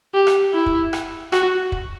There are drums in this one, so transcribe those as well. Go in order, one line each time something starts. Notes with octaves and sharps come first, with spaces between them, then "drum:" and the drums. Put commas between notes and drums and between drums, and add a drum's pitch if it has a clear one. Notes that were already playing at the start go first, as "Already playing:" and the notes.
G4
drum: rim click
E4
drum: kick
drum: rim click
F#4, drum: rim click
drum: kick